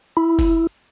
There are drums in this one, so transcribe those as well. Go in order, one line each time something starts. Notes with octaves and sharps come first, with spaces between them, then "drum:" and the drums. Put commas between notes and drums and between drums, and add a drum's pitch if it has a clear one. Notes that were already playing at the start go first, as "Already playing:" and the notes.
E4
drum: kick F#1, open hi-hat